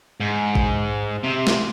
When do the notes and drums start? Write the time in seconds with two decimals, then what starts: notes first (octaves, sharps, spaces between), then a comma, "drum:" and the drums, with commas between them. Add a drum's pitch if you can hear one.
0.20 G#2
0.55 drum: kick A1
1.24 C3
1.47 drum: snare